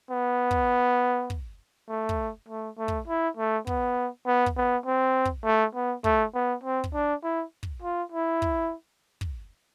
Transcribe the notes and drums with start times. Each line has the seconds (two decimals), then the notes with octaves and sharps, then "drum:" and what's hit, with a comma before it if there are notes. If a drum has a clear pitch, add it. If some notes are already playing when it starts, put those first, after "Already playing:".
0.11 B3
0.51 drum: kick
1.30 drum: kick
1.89 A3
2.09 drum: kick
2.48 A3
2.78 A3
2.88 drum: kick
3.08 E4
3.37 A3
3.67 B3, drum: kick
4.26 B3
4.46 drum: kick
4.56 B3
4.86 C4
5.25 drum: kick
5.45 A3
5.75 B3
6.04 A3, drum: kick
6.34 B3
6.63 C4
6.84 drum: kick
6.94 D4
7.23 E4
7.63 drum: kick
7.82 F4
8.12 E4
8.42 drum: kick
9.21 drum: kick